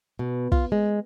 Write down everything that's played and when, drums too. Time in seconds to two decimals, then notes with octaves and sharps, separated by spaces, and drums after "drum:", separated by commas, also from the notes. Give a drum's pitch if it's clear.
0.19 B2
0.52 F4, drum: kick
0.72 G#3